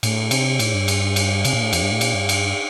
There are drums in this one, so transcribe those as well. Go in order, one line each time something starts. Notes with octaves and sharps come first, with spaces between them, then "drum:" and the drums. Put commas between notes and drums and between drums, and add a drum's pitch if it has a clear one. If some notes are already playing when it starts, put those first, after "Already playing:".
A2, drum: cymbal
C3, drum: cymbal
A2, drum: cymbal
G2
drum: cymbal
drum: cymbal
C3, drum: cymbal
A#2
A2
F2, drum: cymbal
G2
A2
A#2, drum: cymbal
G2
drum: cymbal